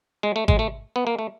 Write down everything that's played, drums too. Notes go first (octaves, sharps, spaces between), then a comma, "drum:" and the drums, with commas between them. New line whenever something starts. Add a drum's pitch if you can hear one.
G#3
A3
G#3, drum: kick G#1
A3
B3
A#3
A3